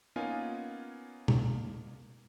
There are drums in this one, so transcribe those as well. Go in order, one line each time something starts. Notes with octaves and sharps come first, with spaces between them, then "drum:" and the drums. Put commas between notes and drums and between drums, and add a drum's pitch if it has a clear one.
A#3 B3 C#4 D#4 F4 G#5
drum: tom B2